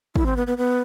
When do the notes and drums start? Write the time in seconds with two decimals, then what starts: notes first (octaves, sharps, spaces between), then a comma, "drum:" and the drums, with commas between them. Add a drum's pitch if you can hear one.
0.16 E4, drum: kick
0.26 C4
0.36 B3
0.47 B3
0.58 B3